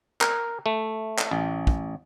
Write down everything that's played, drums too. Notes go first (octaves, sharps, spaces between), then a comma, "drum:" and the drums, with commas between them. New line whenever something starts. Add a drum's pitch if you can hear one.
A#4, drum: clap
A3
drum: clap
A1
drum: kick